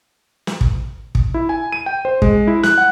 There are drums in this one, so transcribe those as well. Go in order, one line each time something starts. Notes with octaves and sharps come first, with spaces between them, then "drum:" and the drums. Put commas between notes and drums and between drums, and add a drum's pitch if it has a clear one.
drum: snare
drum: kick
drum: kick
E4
G#5
D#7
G5
C5
G#3, drum: kick
E4
F#6, drum: snare
F#5